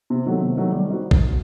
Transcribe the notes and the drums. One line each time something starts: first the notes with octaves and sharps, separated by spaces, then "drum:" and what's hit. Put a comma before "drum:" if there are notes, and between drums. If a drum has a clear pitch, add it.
C3
D#3 F#3 A3
C3
D#3 F#3 A3
G3
C4 D#4 F#4
drum: kick A#1